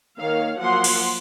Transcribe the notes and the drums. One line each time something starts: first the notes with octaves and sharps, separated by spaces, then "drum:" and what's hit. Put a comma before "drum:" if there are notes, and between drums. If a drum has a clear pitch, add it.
D#3 A#3 C#5 F5
F3 F#3 A#3 F#5 C6
drum: cymbal